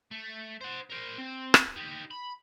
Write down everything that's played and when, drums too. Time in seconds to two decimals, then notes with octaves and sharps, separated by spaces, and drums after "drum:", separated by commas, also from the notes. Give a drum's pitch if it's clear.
0.11 A3
0.61 C5 F#5
0.90 A#4 C5
1.18 C4
1.54 drum: rim click
1.76 D#4 G4
2.11 B5